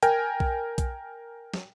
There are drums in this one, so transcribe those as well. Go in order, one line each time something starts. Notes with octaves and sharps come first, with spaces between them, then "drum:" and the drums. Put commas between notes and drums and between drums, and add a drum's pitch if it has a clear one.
A#4 G5 G#5, drum: hi-hat
drum: kick
drum: kick, hi-hat
drum: snare